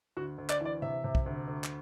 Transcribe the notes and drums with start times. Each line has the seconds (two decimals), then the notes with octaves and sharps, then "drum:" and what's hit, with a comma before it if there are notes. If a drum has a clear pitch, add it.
0.17 D2 F#4
0.38 D2
0.50 D5, drum: clap
0.61 E3 D5
0.82 C3 E5
1.04 C3
1.15 drum: kick
1.26 D2
1.48 D2
1.64 drum: clap